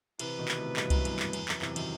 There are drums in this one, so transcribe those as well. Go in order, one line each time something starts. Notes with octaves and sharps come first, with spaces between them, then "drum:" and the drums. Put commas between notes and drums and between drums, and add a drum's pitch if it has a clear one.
C3 E3 B4, drum: cymbal
B2 D#3
drum: clap
A2 C3
G2 B2, drum: clap
F#2 A2, drum: kick C2, cymbal
E2 G2, drum: cymbal
drum: clap
E2, drum: cymbal
F#2, drum: clap
C3 E3, drum: clap
D#3 F#3, drum: cymbal